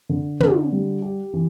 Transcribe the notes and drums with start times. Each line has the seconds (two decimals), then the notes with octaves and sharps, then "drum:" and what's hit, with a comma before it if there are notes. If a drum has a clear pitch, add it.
0.09 D3
0.40 D3, drum: tom
0.72 G3
1.02 G4
1.33 E3